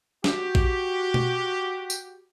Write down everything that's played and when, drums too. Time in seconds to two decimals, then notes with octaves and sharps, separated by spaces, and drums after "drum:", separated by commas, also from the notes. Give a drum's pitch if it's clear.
0.24 F#4 G4, drum: snare
0.55 drum: kick A#1
1.14 drum: tom B2
1.90 drum: tambourine